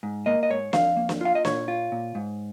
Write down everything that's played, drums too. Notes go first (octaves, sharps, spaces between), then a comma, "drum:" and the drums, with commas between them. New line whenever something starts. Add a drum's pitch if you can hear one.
G#2
A#3 D#5
D#5
G#2 C#5
F2 F5, drum: snare
A#3
drum: snare
F4 F5
D#5
A#2 C#5, drum: snare
F4
A#2
G#2